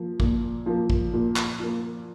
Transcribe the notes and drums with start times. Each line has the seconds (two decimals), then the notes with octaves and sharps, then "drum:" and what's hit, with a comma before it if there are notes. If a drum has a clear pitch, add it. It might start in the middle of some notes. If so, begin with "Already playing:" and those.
Already playing: F3 A#3
0.20 A#2, drum: kick
0.66 F3 A#3
0.90 drum: kick
1.13 A#2
1.36 drum: clap
1.59 F3 A#3